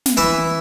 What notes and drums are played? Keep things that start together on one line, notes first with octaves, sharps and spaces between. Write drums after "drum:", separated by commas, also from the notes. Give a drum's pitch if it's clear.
drum: snare
E3 E4 E5